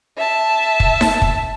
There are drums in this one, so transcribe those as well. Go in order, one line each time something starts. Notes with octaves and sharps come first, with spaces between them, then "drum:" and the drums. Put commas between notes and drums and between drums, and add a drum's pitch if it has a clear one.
E5 A5
drum: kick
drum: snare D#4
drum: kick